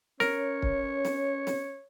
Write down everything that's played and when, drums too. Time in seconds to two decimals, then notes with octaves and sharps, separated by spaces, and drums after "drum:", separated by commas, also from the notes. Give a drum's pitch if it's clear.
0.20 C#4 A#4 C#5, drum: snare
0.62 drum: kick
1.05 drum: snare
1.47 drum: snare